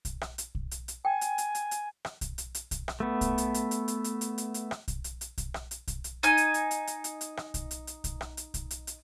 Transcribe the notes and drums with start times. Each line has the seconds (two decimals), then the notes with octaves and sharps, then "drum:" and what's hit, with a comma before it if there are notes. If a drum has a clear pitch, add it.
0.05 drum: kick, hi-hat
0.21 drum: rim click
0.38 drum: hi-hat
0.55 drum: kick
0.71 drum: hi-hat
0.88 drum: hi-hat
1.05 G5 G#5
1.21 drum: hi-hat
1.38 drum: hi-hat
1.55 drum: hi-hat
1.71 drum: hi-hat
2.05 drum: rim click
2.21 drum: kick, hi-hat
2.38 drum: hi-hat
2.55 drum: hi-hat
2.71 drum: kick, hi-hat
2.88 drum: rim click
3.00 A3 B3
3.21 drum: kick, hi-hat
3.38 drum: hi-hat
3.54 drum: hi-hat
3.71 drum: hi-hat
3.88 drum: hi-hat
4.04 drum: hi-hat
4.21 drum: hi-hat
4.38 drum: hi-hat
4.54 drum: hi-hat
4.71 drum: rim click
4.88 drum: kick, hi-hat
5.04 drum: hi-hat
5.21 drum: hi-hat
5.38 drum: kick, hi-hat
5.54 drum: rim click
5.71 drum: hi-hat
5.88 drum: kick, hi-hat
6.04 drum: hi-hat
6.23 D#4 G#5, drum: hi-hat
6.37 drum: hi-hat
6.54 drum: hi-hat
6.71 drum: hi-hat
6.87 drum: hi-hat
7.04 drum: hi-hat
7.21 drum: hi-hat
7.37 drum: rim click
7.54 drum: kick, hi-hat
7.71 drum: hi-hat
7.87 drum: hi-hat
8.04 drum: kick, hi-hat
8.21 drum: rim click
8.37 drum: hi-hat
8.54 drum: kick, hi-hat
8.71 drum: hi-hat
8.87 drum: hi-hat